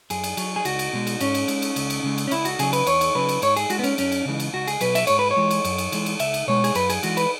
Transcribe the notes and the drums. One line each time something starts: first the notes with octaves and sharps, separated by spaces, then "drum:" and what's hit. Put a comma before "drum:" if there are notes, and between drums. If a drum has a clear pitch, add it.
F#2 G#4, drum: cymbal
drum: cymbal
F#3, drum: cymbal
G#4
C#2 F#4, drum: cymbal
drum: cymbal
B2 G#3
drum: cymbal
G#2 C#4, drum: cymbal
drum: cymbal
G#3, drum: cymbal
drum: cymbal
C#2, drum: cymbal
drum: cymbal
C#3 G#3
drum: cymbal
C#4
C#2 E4, drum: cymbal
F#4, drum: cymbal
C#3 F#3 G#4, drum: cymbal
B4, drum: cymbal
E2 C#5, drum: cymbal
drum: cymbal
C#3 F#3 B4
drum: cymbal
G#2 C#5, drum: cymbal
G#4, drum: cymbal
G#3 F#4, drum: cymbal
B3
C#4, drum: cymbal
F#2 C#4, drum: cymbal
drum: cymbal
C#3 E3 G#3
drum: cymbal
C#2 F#4
G#4, drum: cymbal
B2 F#3 B4, drum: cymbal
E5, drum: cymbal
G#2 C#5, drum: cymbal
B4
C#5
E3 G#3
drum: cymbal
F#2, drum: cymbal
drum: cymbal
E3 G#3, drum: cymbal
drum: cymbal
C#2 E5, drum: cymbal
drum: cymbal
B2 G#3 C#5
G#4, drum: cymbal
F#2 B4, drum: cymbal
G#4, drum: cymbal
E3 G#3 F#4, drum: cymbal
B4, drum: cymbal